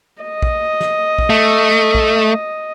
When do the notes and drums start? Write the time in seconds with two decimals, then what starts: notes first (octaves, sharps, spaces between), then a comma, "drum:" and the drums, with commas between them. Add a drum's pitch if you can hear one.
0.23 D#5
0.42 drum: kick A#1
0.80 drum: snare
1.19 drum: kick A#1
1.30 A3
1.95 drum: kick A#1